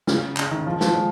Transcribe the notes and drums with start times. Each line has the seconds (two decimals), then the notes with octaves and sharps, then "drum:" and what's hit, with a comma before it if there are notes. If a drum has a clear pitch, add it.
0.07 C#3, drum: snare
0.37 C#3, drum: clap
0.51 D#3
0.66 F3
0.81 F3, drum: snare
0.95 G#3